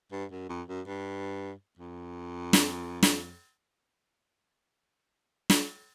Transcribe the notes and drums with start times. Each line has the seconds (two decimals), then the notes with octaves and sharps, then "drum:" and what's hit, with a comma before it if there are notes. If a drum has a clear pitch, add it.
0.12 G2
0.31 F#2
0.49 F2
0.68 F#2
0.87 G2
1.79 F2
2.53 drum: snare
3.03 drum: snare
5.50 drum: snare